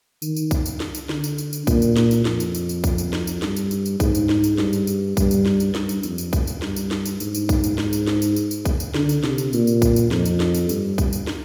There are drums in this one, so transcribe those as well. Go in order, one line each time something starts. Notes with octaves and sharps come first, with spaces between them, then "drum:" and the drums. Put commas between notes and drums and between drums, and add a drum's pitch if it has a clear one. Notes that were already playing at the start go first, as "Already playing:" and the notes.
D#3, drum: tambourine
drum: tambourine
drum: kick B1, tambourine
drum: tambourine
drum: snare
drum: tambourine
D3, drum: snare
drum: tambourine
drum: tambourine
drum: tambourine
A#2, drum: kick B1, tambourine
drum: tambourine
drum: snare
drum: tambourine
F2, drum: snare
drum: tambourine
drum: tambourine
drum: tambourine
drum: kick B1, tambourine
drum: tambourine
drum: snare
drum: tambourine
G2, drum: snare
drum: tambourine
drum: tambourine
drum: tambourine
G#2, drum: kick B1, tambourine
drum: tambourine
drum: snare
drum: tambourine
G2, drum: snare
drum: tambourine
drum: tambourine
G2, drum: kick B1, tambourine
drum: tambourine
drum: snare
drum: tambourine
G2, drum: snare
drum: tambourine
F2, drum: tambourine
drum: tambourine
drum: kick B1, tambourine
drum: tambourine
G2, drum: snare
drum: tambourine
drum: snare
drum: tambourine
G#2, drum: tambourine
drum: tambourine
drum: kick B1, tambourine
drum: tambourine
G#2, drum: snare
drum: tambourine
drum: snare
drum: tambourine
drum: tambourine
drum: tambourine
drum: kick B1, tambourine
drum: tambourine
D3, drum: snare
drum: tambourine
C3, drum: snare
drum: tambourine
A#2, drum: tambourine
drum: tambourine
drum: kick B1, tambourine
drum: tambourine
F2, drum: snare
drum: tambourine
drum: snare
drum: tambourine
G2, drum: tambourine
drum: kick B1, tambourine
drum: tambourine
drum: snare